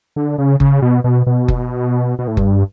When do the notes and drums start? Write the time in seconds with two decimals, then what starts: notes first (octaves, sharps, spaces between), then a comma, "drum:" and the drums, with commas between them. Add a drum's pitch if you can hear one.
0.16 D3
0.38 C#3
0.60 C#3, drum: kick F#1
0.82 B2
1.04 B2
1.27 B2
1.48 drum: kick F#1
2.19 B2
2.28 A2
2.37 G2, drum: kick F#1